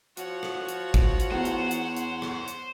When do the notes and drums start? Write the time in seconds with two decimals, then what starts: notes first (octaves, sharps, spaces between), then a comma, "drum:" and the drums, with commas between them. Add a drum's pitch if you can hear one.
0.17 F3 F#4 C#5 F#5, drum: hi-hat
0.43 drum: rim click
0.68 drum: hi-hat
0.94 drum: kick, hi-hat
1.20 drum: hi-hat
1.31 E2 C5
1.45 drum: hi-hat
1.71 drum: hi-hat
1.97 drum: hi-hat
2.22 drum: rim click
2.48 drum: hi-hat